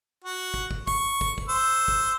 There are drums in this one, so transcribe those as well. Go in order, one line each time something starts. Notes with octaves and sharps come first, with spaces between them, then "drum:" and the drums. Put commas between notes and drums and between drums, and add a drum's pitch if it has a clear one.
F#4
drum: kick
drum: kick
C#6, drum: kick
drum: kick
drum: kick
C5 E6
drum: kick